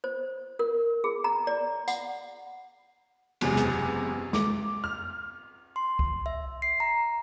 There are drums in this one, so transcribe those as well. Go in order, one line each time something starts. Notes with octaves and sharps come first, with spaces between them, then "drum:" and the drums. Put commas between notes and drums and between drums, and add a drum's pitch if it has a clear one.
C5
A#4
G#4
A#5
D5
F#5, drum: tambourine
F#1 E2 C3 G#3 G#4, drum: cymbal
drum: hi-hat
D6, drum: snare
F6
C6
drum: kick C2
E5
C7
A#5